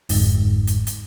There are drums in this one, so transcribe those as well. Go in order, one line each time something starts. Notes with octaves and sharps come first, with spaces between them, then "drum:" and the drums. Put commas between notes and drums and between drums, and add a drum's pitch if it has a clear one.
G1 F2 G#2, drum: open hi-hat
drum: hi-hat
drum: hi-hat